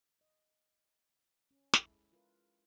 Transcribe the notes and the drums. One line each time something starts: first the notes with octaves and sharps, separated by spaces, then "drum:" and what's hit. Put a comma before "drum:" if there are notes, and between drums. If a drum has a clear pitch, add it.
D#5
C#4
G#3 E4 A4, drum: snare
F4 A#4 B4